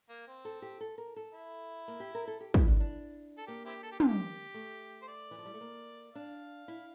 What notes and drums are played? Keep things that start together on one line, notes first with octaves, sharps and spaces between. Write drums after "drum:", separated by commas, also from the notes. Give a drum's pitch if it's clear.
A#3
C4
A4
G4
A4
A#4
A4
E4
A#3
G4
A#4
A4
G4
E4, drum: kick
D4
D4
A4
A#3 G4
C4 E4 G4
A4
G4
F4, drum: tom
G4
A3
C5
D5
E3
F3
G3
A3
A#3
D4 F5
E4